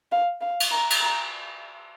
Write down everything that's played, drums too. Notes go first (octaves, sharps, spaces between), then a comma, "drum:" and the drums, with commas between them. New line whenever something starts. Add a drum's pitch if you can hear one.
F5
F5
drum: cymbal
A#5
drum: cymbal
A#5